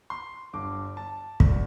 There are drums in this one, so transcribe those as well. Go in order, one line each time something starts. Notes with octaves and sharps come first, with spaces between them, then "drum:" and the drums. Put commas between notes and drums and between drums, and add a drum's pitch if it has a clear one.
C6
G1 G2 D3 D6
A5
D2 D3, drum: kick